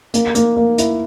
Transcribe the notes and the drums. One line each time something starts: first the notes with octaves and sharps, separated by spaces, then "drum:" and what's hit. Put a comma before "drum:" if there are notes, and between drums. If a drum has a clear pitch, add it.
A#3, drum: hi-hat
A#3, drum: hi-hat
A#3
E4, drum: hi-hat